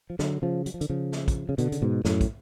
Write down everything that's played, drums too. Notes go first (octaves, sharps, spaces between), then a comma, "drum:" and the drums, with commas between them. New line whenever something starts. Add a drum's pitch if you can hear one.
F3
D3 F#3, drum: snare
C#3 F3
F#3, drum: hi-hat
F3
D3, drum: hi-hat
C#3 F3
drum: snare
drum: kick, hi-hat
C#3
B2 D3, drum: hi-hat
C#3, drum: hi-hat
G#2 B2
F#2 A2, drum: snare
drum: kick, hi-hat